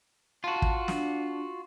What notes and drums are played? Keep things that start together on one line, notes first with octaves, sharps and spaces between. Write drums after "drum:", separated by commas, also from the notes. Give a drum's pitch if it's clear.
F4 F#4 A5
drum: kick
D4, drum: snare